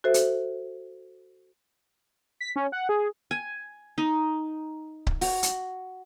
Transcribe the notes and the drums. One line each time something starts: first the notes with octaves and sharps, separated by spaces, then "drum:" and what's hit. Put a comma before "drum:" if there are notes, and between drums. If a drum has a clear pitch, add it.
F#4 A4 C5 E5
drum: hi-hat
B6
C#4
F#5
G#4
G#5
D#4
drum: kick C#1
F#4, drum: open hi-hat
drum: hi-hat